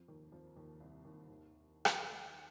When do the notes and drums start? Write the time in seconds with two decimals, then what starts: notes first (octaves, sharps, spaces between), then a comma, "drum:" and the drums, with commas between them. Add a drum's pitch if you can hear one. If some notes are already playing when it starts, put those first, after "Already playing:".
Already playing: F2 F3
0.08 D#2 D#3
0.32 F2 F3
0.56 D#2 D#3
0.80 C2 C3
1.05 D#2 D#3
1.29 D#2 D#3
1.85 drum: rim click